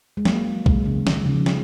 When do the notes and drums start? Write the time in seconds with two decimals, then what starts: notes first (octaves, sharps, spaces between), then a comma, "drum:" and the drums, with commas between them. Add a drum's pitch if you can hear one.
0.17 G#3
0.25 F#3 A#3, drum: snare
0.66 G#3, drum: kick B1
0.86 C#3
1.07 D#3, drum: snare
1.16 F3
1.26 C#3
1.36 F3
1.46 drum: snare